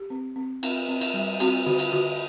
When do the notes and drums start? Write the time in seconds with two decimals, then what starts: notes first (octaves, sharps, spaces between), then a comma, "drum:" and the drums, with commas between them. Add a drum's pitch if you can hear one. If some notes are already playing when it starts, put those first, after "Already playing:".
Already playing: G4
0.10 C4
0.36 C4
0.63 C4, drum: cymbal
0.89 C4
1.01 drum: cymbal
1.14 G3
1.40 C4 F#4, drum: cymbal
1.66 D3 F#4
1.79 drum: cymbal
1.92 D3 F#4